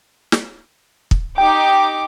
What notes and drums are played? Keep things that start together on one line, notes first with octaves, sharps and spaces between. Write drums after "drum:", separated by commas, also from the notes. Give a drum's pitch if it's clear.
drum: snare
drum: kick
D#4 G4 G5 D6